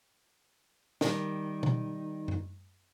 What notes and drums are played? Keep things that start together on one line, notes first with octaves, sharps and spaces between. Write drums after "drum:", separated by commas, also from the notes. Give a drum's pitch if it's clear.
D#3 G3, drum: snare
drum: tom B2
drum: tom F#2